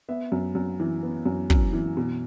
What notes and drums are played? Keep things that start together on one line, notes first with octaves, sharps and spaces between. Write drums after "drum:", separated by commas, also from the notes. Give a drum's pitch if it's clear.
B3 E5
F#2
F#2
E3
B3
F#2
F#2, drum: kick
E3
B2